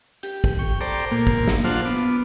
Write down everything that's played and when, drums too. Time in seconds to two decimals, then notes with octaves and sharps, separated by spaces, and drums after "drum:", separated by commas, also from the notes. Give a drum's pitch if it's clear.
0.23 G4, drum: hi-hat
0.44 drum: kick
0.59 G5 C#6
0.81 A4 C5 D5 G5 A#5 D6
1.11 A#2 A#3
1.27 drum: kick
1.47 drum: snare
1.65 D4 F4 C5 F5 F#5 A5
1.86 B3 D6